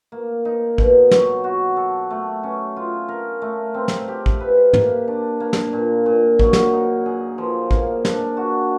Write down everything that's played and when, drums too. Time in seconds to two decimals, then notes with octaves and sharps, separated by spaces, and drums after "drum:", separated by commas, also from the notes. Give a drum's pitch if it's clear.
0.12 A#3
0.45 D#4
0.78 B2, drum: kick
1.11 F#3, drum: snare
1.44 F#4
1.77 A4
2.10 A3
2.43 C#4
2.76 F4
3.08 A#4
3.42 A3
3.74 C4
3.88 drum: snare
4.08 G4
4.26 drum: kick
4.40 B4
4.73 A#3, drum: tom
5.08 D4
5.40 A#3
5.53 drum: snare
5.73 A#2
6.06 A#2
6.39 F#3, drum: kick
6.53 drum: snare
6.73 D#4
7.06 G#4
7.38 F3
7.71 A#3, drum: kick
8.05 D4, drum: snare
8.37 F#4